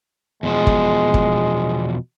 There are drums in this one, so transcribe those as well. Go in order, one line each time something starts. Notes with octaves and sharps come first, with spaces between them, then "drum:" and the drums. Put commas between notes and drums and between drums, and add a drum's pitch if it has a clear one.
E2 B2 F3 G#3
drum: kick
drum: kick